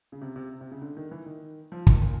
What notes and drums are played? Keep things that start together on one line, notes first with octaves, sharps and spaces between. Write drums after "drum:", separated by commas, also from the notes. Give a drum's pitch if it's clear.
C#3
C3
C3
C3
C#3
D3
D#3
E3
D#3
F3
D#3, drum: kick
A#2